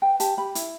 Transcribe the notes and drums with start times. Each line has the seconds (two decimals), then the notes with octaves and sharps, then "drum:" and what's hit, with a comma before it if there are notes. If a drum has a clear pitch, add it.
0.02 B4 G5
0.20 G4 A5, drum: hi-hat
0.37 G4 B5
0.55 E4, drum: hi-hat